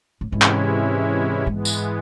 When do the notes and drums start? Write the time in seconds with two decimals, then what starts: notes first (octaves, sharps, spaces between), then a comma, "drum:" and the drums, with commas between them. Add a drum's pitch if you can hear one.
0.21 A2
0.32 G#2 C3 E3 G#3 C#4 E4
0.42 drum: clap
1.47 G#2 E3 G#3 B3
1.65 drum: tambourine